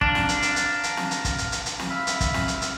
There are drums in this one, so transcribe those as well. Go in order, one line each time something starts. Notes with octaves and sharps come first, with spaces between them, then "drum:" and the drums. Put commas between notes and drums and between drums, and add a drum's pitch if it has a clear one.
D4 F5 A#5, drum: kick
drum: snare
drum: hi-hat
drum: hi-hat
drum: hi-hat
drum: hi-hat
drum: snare
drum: hi-hat
drum: kick, hi-hat
drum: hi-hat
drum: hi-hat
drum: hi-hat
drum: snare
E5 F5 B5
drum: hi-hat
drum: kick, hi-hat
drum: snare
drum: hi-hat
drum: hi-hat